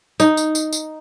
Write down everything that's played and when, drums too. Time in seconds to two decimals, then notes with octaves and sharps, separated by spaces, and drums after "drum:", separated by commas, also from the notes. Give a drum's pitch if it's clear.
0.20 D#4, drum: tambourine
0.37 drum: tambourine
0.55 drum: tambourine
0.73 drum: tambourine